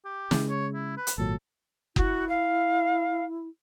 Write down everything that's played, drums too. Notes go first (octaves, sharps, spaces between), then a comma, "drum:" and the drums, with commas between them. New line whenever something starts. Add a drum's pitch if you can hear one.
G4
C#3 G#3, drum: snare
C#5
E4
B4
drum: hi-hat
G#1 A#2 F#3 A4
E4 F#4, drum: kick F#1
F5